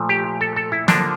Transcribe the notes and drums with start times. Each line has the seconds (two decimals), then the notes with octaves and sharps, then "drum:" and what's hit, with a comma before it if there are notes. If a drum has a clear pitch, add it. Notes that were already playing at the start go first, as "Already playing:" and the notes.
Already playing: A#2 F3 A3
0.09 G4
0.41 A4
0.56 A4
0.72 E4
0.88 D3 F3 A#3 D4, drum: snare